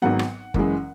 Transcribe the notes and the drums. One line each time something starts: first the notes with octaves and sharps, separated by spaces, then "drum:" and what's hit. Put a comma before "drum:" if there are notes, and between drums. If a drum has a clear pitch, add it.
G#1 G#2 F#3 B3 F#5
drum: rim click
F#1 F#2 E3 G#3, drum: kick